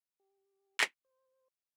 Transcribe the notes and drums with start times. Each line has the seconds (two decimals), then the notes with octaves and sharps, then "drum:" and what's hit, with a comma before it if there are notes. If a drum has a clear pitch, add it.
0.20 G4
0.81 drum: clap
1.05 C5